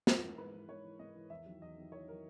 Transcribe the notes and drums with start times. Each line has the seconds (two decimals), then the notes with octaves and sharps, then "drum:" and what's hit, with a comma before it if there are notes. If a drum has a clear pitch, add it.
0.07 G#2 A#4, drum: snare
0.22 E3
0.38 G#2 B4
0.53 E3
0.68 G#2 C#5
0.84 E3
0.99 G#2 D#5
1.16 E3
1.30 E2 E5
1.46 D#3 F#3
1.62 E2 D#5
1.77 D#3 F#3
1.92 E2 C#5
2.07 D#3 F#3 A#4